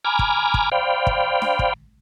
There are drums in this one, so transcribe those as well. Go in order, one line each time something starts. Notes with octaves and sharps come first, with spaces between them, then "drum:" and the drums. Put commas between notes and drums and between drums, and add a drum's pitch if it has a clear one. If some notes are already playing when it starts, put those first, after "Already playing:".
G#5 A#5 B5 D6 F6
drum: kick
drum: kick
C5 D5 F5 G5 B5
drum: kick
drum: snare D4
drum: kick